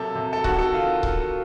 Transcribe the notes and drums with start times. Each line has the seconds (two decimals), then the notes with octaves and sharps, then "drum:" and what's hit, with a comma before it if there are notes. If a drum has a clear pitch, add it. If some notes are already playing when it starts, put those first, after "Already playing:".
Already playing: C3 F#3 A#3 A4
0.15 C3
0.33 A4
0.44 D#3 F#4, drum: kick C#1
0.59 A4
0.74 D#3 F4
1.03 drum: kick C#1